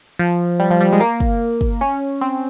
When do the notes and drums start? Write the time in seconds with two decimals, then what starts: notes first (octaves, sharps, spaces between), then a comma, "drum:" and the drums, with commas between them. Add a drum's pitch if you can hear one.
0.19 F3
0.60 G3
0.71 F3
0.81 G3
0.92 G#3
1.00 A#3
1.20 drum: kick
1.61 drum: kick
1.81 C#4
2.21 C4